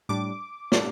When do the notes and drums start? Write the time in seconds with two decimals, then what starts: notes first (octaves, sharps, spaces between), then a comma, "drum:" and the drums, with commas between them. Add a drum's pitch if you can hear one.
0.09 A2 G3 D4 D6
0.72 A2 G3 D4, drum: snare